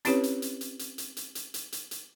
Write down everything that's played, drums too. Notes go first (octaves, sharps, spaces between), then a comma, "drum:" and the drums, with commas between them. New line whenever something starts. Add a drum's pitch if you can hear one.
C4 C#4 E4 G4 B4 C#5, drum: hi-hat
drum: hi-hat
drum: hi-hat
drum: hi-hat
drum: hi-hat
drum: hi-hat
drum: hi-hat
drum: hi-hat
drum: hi-hat
drum: hi-hat
drum: hi-hat